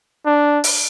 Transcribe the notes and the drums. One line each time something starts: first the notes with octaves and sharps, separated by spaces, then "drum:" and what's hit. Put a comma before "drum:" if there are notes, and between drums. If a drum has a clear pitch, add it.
D4
drum: open hi-hat